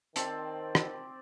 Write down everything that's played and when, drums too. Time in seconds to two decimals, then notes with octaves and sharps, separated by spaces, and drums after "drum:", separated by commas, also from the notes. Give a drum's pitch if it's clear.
0.16 D#3 C4 D5 A5, drum: hi-hat
0.75 drum: rim click